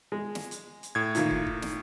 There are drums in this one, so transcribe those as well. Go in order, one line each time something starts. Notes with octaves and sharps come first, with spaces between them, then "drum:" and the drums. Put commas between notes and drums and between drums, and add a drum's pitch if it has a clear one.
G#3
drum: snare
drum: hi-hat
drum: hi-hat
A2 G#6
A#2 D#3 A#3, drum: hi-hat
drum: kick
drum: kick
drum: snare